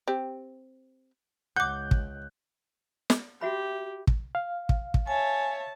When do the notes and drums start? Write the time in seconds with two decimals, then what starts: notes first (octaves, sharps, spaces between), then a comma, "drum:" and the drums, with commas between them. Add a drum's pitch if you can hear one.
0.07 C4 G4
1.56 C#2 F#5 D6 F#6 G6
1.91 drum: kick
3.10 drum: snare
3.41 F#4 G4 E5 B5
4.07 drum: kick
4.35 F5
4.69 drum: kick
4.94 drum: kick
5.07 C#5 E5 G#5 A5